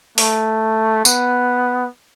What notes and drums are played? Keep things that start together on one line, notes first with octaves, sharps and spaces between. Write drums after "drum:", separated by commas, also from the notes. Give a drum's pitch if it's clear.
A3, drum: open hi-hat
B3, drum: tambourine